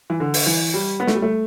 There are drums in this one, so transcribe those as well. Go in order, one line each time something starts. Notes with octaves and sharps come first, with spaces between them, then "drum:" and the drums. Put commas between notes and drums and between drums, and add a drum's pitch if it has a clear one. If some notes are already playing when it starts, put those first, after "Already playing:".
E3
D3
drum: open hi-hat
E3
G3
B3
A3, drum: snare
G3
A3